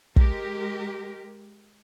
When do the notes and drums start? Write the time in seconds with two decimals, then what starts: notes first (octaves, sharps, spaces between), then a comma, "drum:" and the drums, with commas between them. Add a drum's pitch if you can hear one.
0.16 G#3 G4 A#4, drum: kick